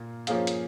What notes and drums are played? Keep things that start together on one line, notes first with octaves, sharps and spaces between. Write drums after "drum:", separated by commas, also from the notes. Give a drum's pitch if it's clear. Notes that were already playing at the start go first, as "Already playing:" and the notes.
Already playing: A#2 A#3 F4
F3 A#3 C#4 G#4 F5, drum: hi-hat
drum: hi-hat